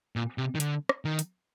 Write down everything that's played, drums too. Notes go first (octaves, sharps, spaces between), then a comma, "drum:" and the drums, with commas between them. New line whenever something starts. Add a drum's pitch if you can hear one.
A#2
C3
D#3
D3, drum: hi-hat
drum: rim click
D#3
drum: hi-hat